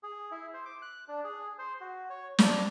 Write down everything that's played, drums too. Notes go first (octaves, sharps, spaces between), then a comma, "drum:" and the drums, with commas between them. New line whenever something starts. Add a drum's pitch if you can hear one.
G#4
E4
C5
D6
F#6
D4
G#4
C5
F#4
C#5
D4, drum: snare